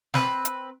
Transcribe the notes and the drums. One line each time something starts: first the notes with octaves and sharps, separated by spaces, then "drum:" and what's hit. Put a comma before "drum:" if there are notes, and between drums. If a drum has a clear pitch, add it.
C4 B4, drum: snare
drum: hi-hat